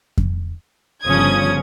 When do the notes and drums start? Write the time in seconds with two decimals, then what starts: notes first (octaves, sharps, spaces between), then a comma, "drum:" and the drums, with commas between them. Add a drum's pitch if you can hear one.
0.18 drum: kick F2
1.05 G1 C#3 F3 C#4 D#6 G#6